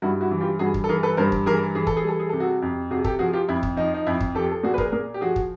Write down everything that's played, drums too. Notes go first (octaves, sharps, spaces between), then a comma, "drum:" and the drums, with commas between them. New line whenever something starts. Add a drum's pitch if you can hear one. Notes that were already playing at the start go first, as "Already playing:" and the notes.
G2 E4 F#4
E4 F#4
E3
F4 G4
G2 F#4 G#4
drum: kick
A4
E3 G#4 A#4
A4 B4
G2 A#4 C5
drum: kick
E3 G#4 A#4
E3 G#4
A4, drum: kick
G#4
G3
A4
G#4
C3 A4
F#4 G#4
F2
C3 F#4 G#4
G4 A4, drum: kick
F3 F#4 G#4
F4 G4
F2 E4
drum: kick
F3 D#4
D#4
F2 E4
drum: kick
F3 G4 A4
A4
A#2 F#4 G#4
B4
G#4 A#4, drum: kick
A#2 G#4 A#4
G4
F3 F#4 G#4
drum: kick